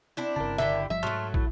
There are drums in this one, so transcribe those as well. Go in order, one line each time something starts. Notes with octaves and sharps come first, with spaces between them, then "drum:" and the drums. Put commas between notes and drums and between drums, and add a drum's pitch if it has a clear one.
C4 D4 E4
G1 C#3 A#4 A5
D3 E4 G4 E5
G1 F3 G3 E5
G#2 F#3 A3 A5 C6 F6
E4, drum: kick